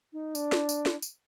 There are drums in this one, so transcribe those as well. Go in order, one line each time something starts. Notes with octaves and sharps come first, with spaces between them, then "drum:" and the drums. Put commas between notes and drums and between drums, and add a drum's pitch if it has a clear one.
D#4
D4, drum: tambourine
drum: snare
drum: tambourine
drum: snare
drum: tambourine